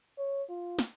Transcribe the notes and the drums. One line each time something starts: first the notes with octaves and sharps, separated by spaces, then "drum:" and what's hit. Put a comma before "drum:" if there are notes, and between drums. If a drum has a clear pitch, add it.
C#5
F4
drum: snare